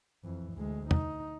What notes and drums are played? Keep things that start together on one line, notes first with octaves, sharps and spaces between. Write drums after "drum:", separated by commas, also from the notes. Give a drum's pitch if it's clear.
F2 E3
D2 G#3
D#4, drum: tom